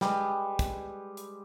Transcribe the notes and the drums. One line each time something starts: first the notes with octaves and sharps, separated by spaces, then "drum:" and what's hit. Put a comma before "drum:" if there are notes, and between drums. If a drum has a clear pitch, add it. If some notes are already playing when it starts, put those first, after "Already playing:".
G3 G#3 B4, drum: snare
drum: kick, hi-hat
drum: hi-hat